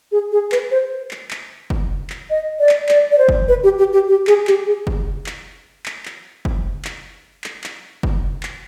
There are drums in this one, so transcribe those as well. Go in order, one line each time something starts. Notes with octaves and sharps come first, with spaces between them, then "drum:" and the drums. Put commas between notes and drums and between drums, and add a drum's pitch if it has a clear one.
G#4
G#4
B4, drum: clap
C5
drum: clap
drum: clap
drum: kick
drum: clap
D#5
D5
drum: clap
D5, drum: clap
D5
C5
drum: kick
B4
G4
G4
G4
G4
G#4, drum: clap
G4, drum: clap
G#4
drum: kick
drum: clap
drum: clap
drum: clap
drum: kick
drum: clap
drum: clap
drum: clap
drum: kick
drum: clap